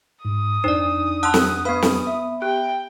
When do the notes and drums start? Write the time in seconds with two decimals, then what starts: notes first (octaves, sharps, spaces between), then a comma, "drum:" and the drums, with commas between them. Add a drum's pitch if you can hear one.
0.25 G#2 D#6
0.64 F2 D4 D#4 C5 D5
1.23 F#5 A5 C6 E6 F#6
1.34 drum: snare
1.65 B3 B4 F5 B5
1.82 drum: snare
2.07 E5
2.42 G4 G5 F#6